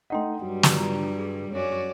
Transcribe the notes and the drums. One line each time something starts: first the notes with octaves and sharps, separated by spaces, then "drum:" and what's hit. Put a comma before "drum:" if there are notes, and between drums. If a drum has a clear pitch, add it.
A3 D#4 D#5 F#5 G5 C6
G2 F#3 G3
drum: snare
D4 F4 A#5
G#4
F#2 C#4 F#4 D5